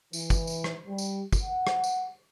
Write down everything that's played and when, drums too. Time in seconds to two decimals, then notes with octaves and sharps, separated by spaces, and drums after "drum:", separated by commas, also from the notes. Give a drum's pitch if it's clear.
0.13 E3, drum: tambourine
0.30 drum: kick, tambourine
0.47 drum: tambourine
0.64 drum: rim click
0.88 G3
0.98 drum: tambourine
1.32 drum: kick, tambourine
1.44 F#5
1.67 drum: rim click
1.84 drum: tambourine